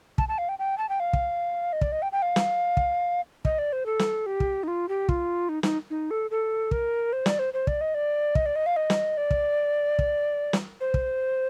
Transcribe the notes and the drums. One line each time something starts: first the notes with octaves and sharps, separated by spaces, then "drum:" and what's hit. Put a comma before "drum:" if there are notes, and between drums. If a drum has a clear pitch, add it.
A5, drum: kick
A5
F5
G5
G5
A5
G5
F5
drum: kick
D#5
D5, drum: kick
D#5
G5
G5
F5
drum: snare
drum: kick
D#5, drum: kick
D5
C5
A4
drum: snare
G4
drum: kick
D#4
F4
G4
F4, drum: kick
D#4
D#4, drum: snare
D#4
A4
A4
A#4, drum: kick
C5
D5, drum: snare
C5
C5
D5, drum: kick
D#5
D5
D#5, drum: kick
D5
D#5
F5
D#5
drum: snare
D5
drum: kick
drum: kick
drum: snare
C5
drum: kick